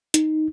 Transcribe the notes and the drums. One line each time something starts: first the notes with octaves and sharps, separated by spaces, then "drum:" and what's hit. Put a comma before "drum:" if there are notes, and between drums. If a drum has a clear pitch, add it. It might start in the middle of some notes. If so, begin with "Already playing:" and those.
D#4, drum: hi-hat